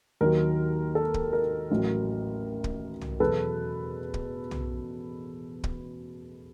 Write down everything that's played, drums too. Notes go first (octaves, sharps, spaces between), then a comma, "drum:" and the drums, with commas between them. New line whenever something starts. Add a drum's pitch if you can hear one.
D#2 D#3 F#3 A#4
A4
drum: kick
A#4
A1 A2 F#3
drum: kick
drum: tom
E2 B2 F#3 A4 B4
drum: kick
drum: tom
drum: kick